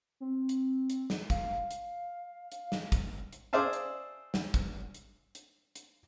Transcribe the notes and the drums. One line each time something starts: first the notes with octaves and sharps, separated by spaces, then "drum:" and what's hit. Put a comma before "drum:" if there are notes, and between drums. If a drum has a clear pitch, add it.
C4
drum: hi-hat
drum: hi-hat
drum: snare
F5, drum: kick, hi-hat
drum: hi-hat
drum: hi-hat
drum: snare
drum: kick, hi-hat
drum: hi-hat
G#4 C5 D5 E5 F5 A5
drum: hi-hat
drum: snare
drum: kick, hi-hat
drum: hi-hat
drum: hi-hat
drum: hi-hat